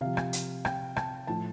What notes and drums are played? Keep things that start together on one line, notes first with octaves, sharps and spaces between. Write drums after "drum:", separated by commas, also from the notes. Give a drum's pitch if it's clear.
C3 F3 F5
drum: rim click
drum: hi-hat
G5, drum: rim click
A5, drum: rim click
A2 F3 A5